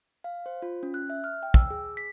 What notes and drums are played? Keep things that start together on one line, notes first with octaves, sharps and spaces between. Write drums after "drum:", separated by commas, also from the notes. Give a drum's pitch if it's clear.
F5
C5
F4
C#4
F#6
E5
F6
G5
E6, drum: kick
G#4
B6